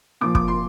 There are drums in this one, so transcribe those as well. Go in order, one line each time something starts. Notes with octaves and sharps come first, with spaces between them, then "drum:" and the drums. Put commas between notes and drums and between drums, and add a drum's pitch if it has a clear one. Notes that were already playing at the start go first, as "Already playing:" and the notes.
A#2 F3 D6
D6, drum: kick
C6